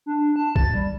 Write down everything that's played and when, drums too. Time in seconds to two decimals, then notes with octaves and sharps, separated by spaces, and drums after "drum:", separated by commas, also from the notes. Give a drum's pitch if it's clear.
0.06 D4
0.36 A5
0.56 A6, drum: kick B1
0.74 G3